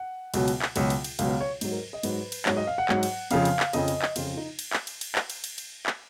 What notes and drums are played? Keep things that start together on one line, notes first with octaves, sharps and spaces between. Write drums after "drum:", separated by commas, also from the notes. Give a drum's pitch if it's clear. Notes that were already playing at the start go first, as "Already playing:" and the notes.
Already playing: F#5
C#2 B2 F#3, drum: cymbal
drum: cymbal
drum: clap
C#2 B2 F#3, drum: cymbal
drum: cymbal
drum: cymbal
C#2 B2 F#3 F5, drum: cymbal
F5
C#5
G#2 F#3, drum: cymbal
A#4
D#5
G#2 F#3 B4, drum: cymbal
drum: cymbal
G#2 F#3 C#5, drum: clap
D#5
F5
F#5
G#2 F#3, drum: clap
drum: cymbal
F2 C#3 F3 F5, drum: cymbal
drum: cymbal
drum: clap
F2 C#3 F3 D#5, drum: cymbal
drum: cymbal
drum: clap
F2 C#3 F3 F4, drum: cymbal
F4
D#4
drum: cymbal
drum: clap
drum: cymbal
drum: cymbal
drum: clap
drum: cymbal
drum: cymbal
drum: cymbal
drum: clap